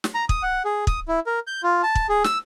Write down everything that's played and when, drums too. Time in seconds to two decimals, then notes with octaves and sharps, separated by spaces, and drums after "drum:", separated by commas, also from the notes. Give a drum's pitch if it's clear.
0.04 drum: snare
0.15 A#5
0.29 D#6, drum: kick
0.43 F#5
0.65 G#4
0.87 D#6, drum: kick
1.08 E4
1.27 A#4
1.47 G6
1.63 F4
1.83 A5
1.95 drum: kick
2.09 G#4
2.24 E6, drum: snare